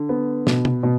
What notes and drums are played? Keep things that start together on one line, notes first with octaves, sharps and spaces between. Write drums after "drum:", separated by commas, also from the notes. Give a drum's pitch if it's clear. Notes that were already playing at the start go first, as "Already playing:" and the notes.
Already playing: D3
B3
B2, drum: snare
drum: tom
B2